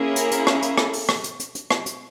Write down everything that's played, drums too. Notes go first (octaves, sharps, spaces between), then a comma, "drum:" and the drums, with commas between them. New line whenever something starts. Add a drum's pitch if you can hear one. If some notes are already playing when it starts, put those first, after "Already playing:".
Already playing: A#3 C#4 E4 G#4
A#4, drum: hi-hat
drum: hi-hat
drum: rim click
drum: hi-hat
A4, drum: rim click
drum: open hi-hat
drum: rim click
drum: hi-hat
drum: hi-hat
drum: hi-hat
drum: rim click
drum: hi-hat